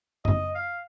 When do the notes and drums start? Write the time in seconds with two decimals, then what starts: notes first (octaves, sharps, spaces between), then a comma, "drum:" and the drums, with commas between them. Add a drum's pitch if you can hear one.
0.25 D#5, drum: tom F#2
0.55 F5